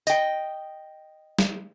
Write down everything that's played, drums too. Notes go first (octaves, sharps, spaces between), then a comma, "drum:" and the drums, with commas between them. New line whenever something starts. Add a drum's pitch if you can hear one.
D#5 G5, drum: tambourine
drum: snare